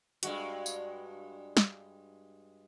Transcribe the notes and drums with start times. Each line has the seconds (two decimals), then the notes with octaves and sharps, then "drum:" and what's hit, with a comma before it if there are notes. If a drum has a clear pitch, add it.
0.23 G2 G#3 F#4, drum: hi-hat
0.66 drum: tambourine
1.57 drum: snare